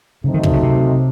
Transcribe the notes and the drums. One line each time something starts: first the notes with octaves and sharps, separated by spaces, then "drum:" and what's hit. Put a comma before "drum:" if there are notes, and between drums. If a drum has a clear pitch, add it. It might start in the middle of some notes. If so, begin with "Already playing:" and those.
C#3 F#3 A3 C4 D#4
D#3
D3, drum: kick
C#3
C3